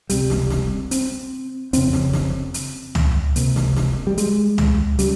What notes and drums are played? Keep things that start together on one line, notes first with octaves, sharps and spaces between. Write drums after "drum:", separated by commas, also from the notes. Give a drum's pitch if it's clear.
C#2 C3 G3, drum: hi-hat
drum: snare
drum: snare
C4, drum: hi-hat
F2 C#3 C4, drum: hi-hat
drum: snare
drum: snare
drum: hi-hat
drum: tom
C#2 C3 A#3, drum: hi-hat
drum: snare
drum: snare
G3
G#3, drum: hi-hat
drum: tom
C#3 G3, drum: hi-hat